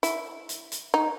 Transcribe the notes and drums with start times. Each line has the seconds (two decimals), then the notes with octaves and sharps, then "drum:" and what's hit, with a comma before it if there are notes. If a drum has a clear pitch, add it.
0.03 E4, drum: hi-hat
0.49 drum: hi-hat
0.72 drum: hi-hat
0.94 D#4